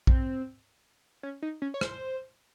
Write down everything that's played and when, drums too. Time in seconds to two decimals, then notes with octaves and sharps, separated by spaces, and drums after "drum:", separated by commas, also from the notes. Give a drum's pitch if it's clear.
0.07 C4, drum: kick
1.23 C#4
1.42 D#4
1.62 C#4
1.74 C#5
1.81 C5, drum: rim click